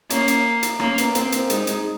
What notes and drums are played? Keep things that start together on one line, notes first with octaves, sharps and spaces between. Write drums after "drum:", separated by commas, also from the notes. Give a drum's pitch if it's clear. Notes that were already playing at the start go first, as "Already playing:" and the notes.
A#3 C#4, drum: hi-hat
drum: hi-hat
drum: hi-hat
A#3 C#4, drum: rim click
B3, drum: hi-hat
A#3 C4, drum: hi-hat
drum: hi-hat
G#3 D#4, drum: hi-hat
G#3, drum: hi-hat